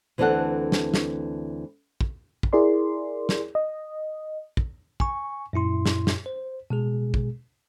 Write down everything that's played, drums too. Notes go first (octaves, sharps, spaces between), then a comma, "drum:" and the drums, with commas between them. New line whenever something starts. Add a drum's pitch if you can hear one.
D2 E3 C4 D4 A4 F#5
drum: snare
drum: snare
drum: kick
drum: kick
E4 G#4 A#4 D5 C6
drum: snare
D#5
drum: kick
G#5 C#6, drum: kick
F#2 A#2 E4 C6
drum: snare
drum: snare
C5
B2 G#3 G#4
drum: kick